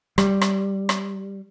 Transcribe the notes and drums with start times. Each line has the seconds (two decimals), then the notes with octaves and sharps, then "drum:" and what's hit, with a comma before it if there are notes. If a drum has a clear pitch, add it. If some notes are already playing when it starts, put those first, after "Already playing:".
0.18 G3, drum: rim click
0.41 drum: rim click
0.89 drum: rim click